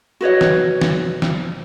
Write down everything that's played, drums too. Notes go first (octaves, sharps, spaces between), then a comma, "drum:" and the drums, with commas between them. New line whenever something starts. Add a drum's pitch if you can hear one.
F#4 B4 C#5 D#5
drum: snare
drum: snare
drum: snare